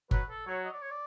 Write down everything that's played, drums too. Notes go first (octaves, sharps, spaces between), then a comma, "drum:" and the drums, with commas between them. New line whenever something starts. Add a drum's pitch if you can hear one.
F#3 B4, drum: kick G1
A4
F#3 C#5
D#5
D5
C#5
D5